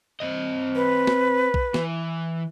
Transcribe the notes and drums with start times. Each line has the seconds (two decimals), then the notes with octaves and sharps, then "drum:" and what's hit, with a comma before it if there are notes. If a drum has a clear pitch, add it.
0.20 C4 D#5
0.76 B4
1.07 drum: snare
1.54 drum: kick B1
1.74 E3, drum: snare